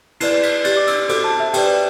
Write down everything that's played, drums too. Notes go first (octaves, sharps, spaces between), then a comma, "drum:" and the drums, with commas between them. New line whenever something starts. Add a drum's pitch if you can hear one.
E4 B4 D5 C7, drum: cymbal
C7
B6, drum: cymbal
G4 D5 A6, drum: cymbal
D6
E6, drum: cymbal
F#4 A4 C5 D6, drum: cymbal
A5
E5
G4 B4 D5 G5, drum: cymbal